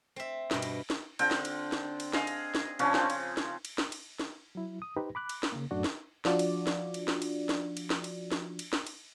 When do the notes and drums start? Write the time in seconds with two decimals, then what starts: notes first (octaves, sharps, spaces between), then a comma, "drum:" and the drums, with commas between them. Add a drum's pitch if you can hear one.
0.16 C4 E5
0.51 G2 B2, drum: snare
0.62 drum: cymbal
0.90 drum: snare
1.19 D3 C4 F4 G5, drum: cymbal
1.31 drum: snare
1.45 drum: cymbal
1.72 drum: snare
2.00 drum: cymbal
2.14 G#4 D#5 F5 F#5, drum: snare
2.27 drum: cymbal
2.55 drum: snare
2.79 C#3 F3 C#4 D4, drum: cymbal
2.94 C#3 C4 F4, drum: snare
3.10 drum: cymbal
3.37 drum: snare
3.65 drum: cymbal
3.78 drum: snare
3.92 drum: cymbal
4.20 drum: snare
4.55 F#3 E4
4.82 D#6
4.96 D#4 G4 B4 C5
5.15 B5 D6 F#6
5.29 drum: cymbal
5.43 drum: snare
5.52 C#3 A#3
5.71 F#2 A2 A3 D4 F#4 D5
5.84 drum: snare
6.25 F3 D4 F4 F#4 D5, drum: snare
6.39 drum: cymbal
6.67 drum: snare
6.94 drum: cymbal
7.08 drum: snare
7.22 drum: cymbal
7.49 drum: snare
7.77 drum: cymbal
7.90 drum: snare
8.04 drum: cymbal
8.32 drum: snare
8.59 drum: cymbal
8.73 drum: snare
8.87 drum: cymbal